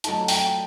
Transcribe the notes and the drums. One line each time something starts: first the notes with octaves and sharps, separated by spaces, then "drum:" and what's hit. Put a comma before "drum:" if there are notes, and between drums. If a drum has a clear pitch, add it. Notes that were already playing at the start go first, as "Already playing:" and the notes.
F#3 A3 D#4 A5, drum: hi-hat
G5, drum: open hi-hat